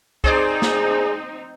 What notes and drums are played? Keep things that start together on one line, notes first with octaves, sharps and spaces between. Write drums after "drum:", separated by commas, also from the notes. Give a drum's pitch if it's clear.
C4 D#4 G#4 C5 D5, drum: kick
drum: snare